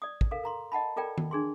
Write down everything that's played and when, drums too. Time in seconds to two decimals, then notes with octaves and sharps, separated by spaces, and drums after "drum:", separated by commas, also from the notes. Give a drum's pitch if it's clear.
0.02 D5 D#6
0.21 drum: kick
0.31 A4 A#4 F5
0.44 A#4 A#5 C6
0.72 D#5 F#5 A5 B5
0.96 F4 A4 A#4 D5 G5
1.18 drum: tom D#3
1.31 D4 G#4 C6